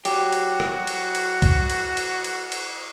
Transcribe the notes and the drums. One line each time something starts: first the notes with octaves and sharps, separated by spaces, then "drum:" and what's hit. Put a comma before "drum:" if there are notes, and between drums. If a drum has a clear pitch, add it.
F#3 F#4 G4, drum: cymbal
drum: cymbal
drum: rim click
drum: cymbal
drum: cymbal
drum: kick C2, cymbal
drum: cymbal
drum: cymbal
drum: cymbal
drum: cymbal